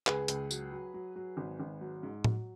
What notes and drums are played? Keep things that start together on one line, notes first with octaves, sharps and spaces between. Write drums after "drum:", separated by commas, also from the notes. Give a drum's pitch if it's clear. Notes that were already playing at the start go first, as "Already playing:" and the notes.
C#2 G#4 B4, drum: clap
C#2, drum: hi-hat
F#3, drum: tambourine
F#3
F#3
F#3
G#1
G#1
F#3
G#2
F#3, drum: tom A2